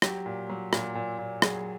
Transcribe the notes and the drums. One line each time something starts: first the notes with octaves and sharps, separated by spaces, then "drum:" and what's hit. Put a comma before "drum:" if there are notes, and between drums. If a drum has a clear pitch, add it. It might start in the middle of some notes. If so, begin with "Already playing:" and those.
F#3 G4, drum: rim click
A#2
F#3
A#2, drum: rim click
A#2
A#2
F#3 G#4, drum: rim click